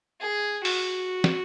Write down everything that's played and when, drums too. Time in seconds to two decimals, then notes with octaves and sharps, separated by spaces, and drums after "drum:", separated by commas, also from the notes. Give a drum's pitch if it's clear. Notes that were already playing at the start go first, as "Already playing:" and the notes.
0.21 G#4
0.65 F#4, drum: open hi-hat
1.24 drum: snare